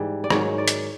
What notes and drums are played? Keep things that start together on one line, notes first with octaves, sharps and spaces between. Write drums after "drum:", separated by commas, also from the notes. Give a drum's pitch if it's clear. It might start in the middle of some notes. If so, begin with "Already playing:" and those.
Already playing: G#2 E3 G3
D5
G#2 D#3 F#3 C#5, drum: rim click
D5
drum: hi-hat